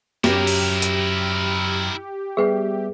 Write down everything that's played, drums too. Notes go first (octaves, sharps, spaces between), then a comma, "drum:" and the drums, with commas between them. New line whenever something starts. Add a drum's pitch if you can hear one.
F#2 F#3 E4 G4 A#4, drum: snare
drum: open hi-hat
drum: hi-hat
G3 B3 G#4 B4 E5 G5